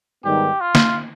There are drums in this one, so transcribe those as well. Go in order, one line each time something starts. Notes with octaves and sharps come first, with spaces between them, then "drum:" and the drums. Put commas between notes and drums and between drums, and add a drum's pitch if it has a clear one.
G#2 D#3 G3 B3 D#4 G4
F4
drum: snare A#3